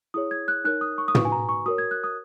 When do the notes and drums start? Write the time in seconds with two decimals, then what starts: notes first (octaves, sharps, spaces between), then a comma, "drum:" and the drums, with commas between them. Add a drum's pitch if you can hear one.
0.14 E4 G#4 C#5 D#6
0.31 G#6
0.48 F#6
0.64 D#4 A#4 C#5 F#6
0.81 D#6
0.98 C#6
1.08 D#6
1.15 D#4 F#4 B4 C#6, drum: tom
1.25 G#5
1.32 A#5
1.49 C#6
1.66 F#4 A#4 C#5 D#6
1.78 G#6
1.91 F#6
2.04 D#6